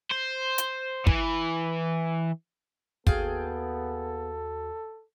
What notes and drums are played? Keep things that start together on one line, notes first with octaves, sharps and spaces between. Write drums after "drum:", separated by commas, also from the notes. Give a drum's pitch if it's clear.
C5
drum: hi-hat
E3, drum: kick
D#2 B3 F#4 G#4 A4 F5 G5 A6, drum: kick